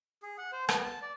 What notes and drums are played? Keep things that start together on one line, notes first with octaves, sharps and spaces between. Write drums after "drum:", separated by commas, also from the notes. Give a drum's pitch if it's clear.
G#4
F#5
C5
B3, drum: rim click
A5
D5